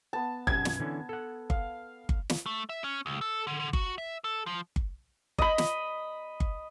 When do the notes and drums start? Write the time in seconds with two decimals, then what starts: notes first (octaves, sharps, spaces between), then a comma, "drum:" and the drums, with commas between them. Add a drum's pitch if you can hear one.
0.13 B3 A5
0.47 B1 F#2 G#6, drum: kick G1
0.65 drum: snare
0.80 D3 E3 C#4
1.09 A4 F#5
1.50 F5, drum: kick G1
2.09 drum: kick G1
2.30 drum: snare
2.46 A3
2.69 E5
2.84 C#4
3.06 C#2
3.21 A4
3.47 D3
3.59 D3
3.73 F#4, drum: kick G1
3.98 E5
4.24 A4
4.46 F3
4.76 drum: kick G1
5.38 D#5 B5, drum: kick G1
5.58 drum: snare
6.40 drum: kick G1